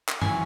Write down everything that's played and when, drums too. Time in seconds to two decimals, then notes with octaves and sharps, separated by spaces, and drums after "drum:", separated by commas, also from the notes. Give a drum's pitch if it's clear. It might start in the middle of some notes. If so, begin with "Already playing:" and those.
0.09 drum: clap
0.22 E3 C#4 E4 G#5, drum: tom G2